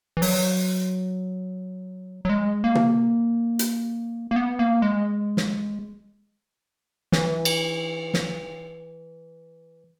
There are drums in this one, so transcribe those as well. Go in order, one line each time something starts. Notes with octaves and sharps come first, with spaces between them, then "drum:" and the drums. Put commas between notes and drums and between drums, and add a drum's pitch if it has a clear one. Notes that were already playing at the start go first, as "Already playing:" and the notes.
E3
F#3, drum: open hi-hat
F#3
G#3
A#3
drum: tom
drum: hi-hat
A#3
B3
A#3
G#3
drum: snare
E3, drum: snare
drum: cymbal
drum: snare